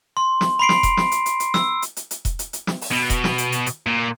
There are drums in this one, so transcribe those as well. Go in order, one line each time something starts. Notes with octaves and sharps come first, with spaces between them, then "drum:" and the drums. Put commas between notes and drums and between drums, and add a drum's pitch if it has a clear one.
C6
drum: snare
B5 C6 C7 D7
drum: snare
drum: kick E1, hi-hat
drum: snare
drum: hi-hat
drum: hi-hat
drum: hi-hat
E6, drum: snare
drum: hi-hat
drum: hi-hat
drum: hi-hat
drum: kick E1, hi-hat
drum: hi-hat
drum: hi-hat
drum: snare
drum: open hi-hat
B2
drum: kick E1, hi-hat
drum: snare
drum: hi-hat
drum: hi-hat
drum: hi-hat
A#2